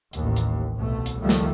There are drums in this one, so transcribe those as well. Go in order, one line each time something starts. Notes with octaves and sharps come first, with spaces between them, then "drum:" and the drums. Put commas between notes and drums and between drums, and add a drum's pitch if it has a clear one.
A1 D#2, drum: hi-hat
drum: hi-hat
C2 B2 A3
drum: hi-hat
C#2 D#3 F3 G3 A3 A#3
drum: snare